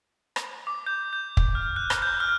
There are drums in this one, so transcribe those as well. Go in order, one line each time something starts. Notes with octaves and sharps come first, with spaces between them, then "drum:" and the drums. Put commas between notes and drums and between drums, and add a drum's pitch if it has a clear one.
drum: rim click
D6
G6
G6
drum: kick
F6
F#6
G7, drum: rim click
G6
F6